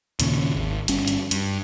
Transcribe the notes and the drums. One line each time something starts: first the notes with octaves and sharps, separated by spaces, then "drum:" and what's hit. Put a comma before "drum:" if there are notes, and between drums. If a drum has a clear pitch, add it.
D#2 A#2 C#3, drum: hi-hat
G#1
G1 G2 C#4, drum: hi-hat
drum: hi-hat
G2, drum: hi-hat